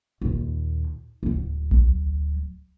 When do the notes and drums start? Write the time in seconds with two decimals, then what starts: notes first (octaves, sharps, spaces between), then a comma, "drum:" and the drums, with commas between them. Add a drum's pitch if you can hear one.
0.22 D#2 A#2
1.23 D1 F#3
1.71 drum: kick A#1